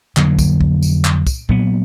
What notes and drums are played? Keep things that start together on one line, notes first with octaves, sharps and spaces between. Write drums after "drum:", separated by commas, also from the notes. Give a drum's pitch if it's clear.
F2 D3 F#3 A#3, drum: clap
drum: kick, tambourine
drum: kick
drum: tambourine
drum: clap
drum: kick, tambourine
A#2 F#3 B3, drum: kick